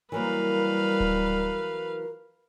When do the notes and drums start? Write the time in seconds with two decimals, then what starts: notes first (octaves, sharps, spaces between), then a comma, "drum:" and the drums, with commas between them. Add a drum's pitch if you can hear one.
0.12 E3 F#3 G3 A#3 A#4 B4 F5
1.00 drum: kick D1